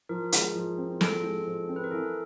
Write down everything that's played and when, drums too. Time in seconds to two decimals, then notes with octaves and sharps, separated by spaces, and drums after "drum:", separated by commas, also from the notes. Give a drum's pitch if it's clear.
0.09 F3 A#4
0.32 G#3, drum: hi-hat
0.55 F3
0.78 C4
1.01 F3 A4, drum: snare
1.23 G#3
1.46 F3
1.69 C4
1.76 B4
1.84 A#4
1.91 E3 A4